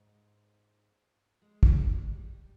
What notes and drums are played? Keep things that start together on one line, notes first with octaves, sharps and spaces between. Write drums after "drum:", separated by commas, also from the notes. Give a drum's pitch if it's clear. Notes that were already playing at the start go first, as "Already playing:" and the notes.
Already playing: G#2
G#3
A#3, drum: kick
G#3
A#3
G#3
G3
G3